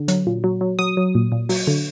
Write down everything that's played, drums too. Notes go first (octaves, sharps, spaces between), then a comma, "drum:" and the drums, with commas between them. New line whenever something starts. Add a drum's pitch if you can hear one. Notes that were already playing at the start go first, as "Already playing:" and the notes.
Already playing: D3
F#3, drum: hi-hat
A#2
F#3
F#3
F#3 D#6
F#3
A#2
A#2
F#3, drum: open hi-hat
D3